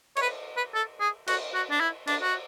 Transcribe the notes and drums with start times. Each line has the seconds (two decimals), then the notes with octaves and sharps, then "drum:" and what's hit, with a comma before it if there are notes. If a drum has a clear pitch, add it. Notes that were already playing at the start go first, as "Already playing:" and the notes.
0.17 C#5, drum: cymbal
0.22 B4
0.57 B4
0.74 A4
1.01 G#4
1.28 F#4, drum: cymbal
1.54 F#4
1.71 D4
1.81 E4
2.07 D4, drum: cymbal
2.22 F#4